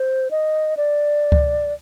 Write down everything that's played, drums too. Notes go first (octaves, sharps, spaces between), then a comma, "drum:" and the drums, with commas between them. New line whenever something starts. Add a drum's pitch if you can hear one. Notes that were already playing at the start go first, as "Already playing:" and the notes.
Already playing: C5
D#5
D5
drum: kick C#2